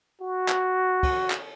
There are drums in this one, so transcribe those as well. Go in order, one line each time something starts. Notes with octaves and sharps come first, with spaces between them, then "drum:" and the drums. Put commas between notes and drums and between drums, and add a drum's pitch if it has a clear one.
F#4
drum: clap
drum: kick, cymbal
drum: clap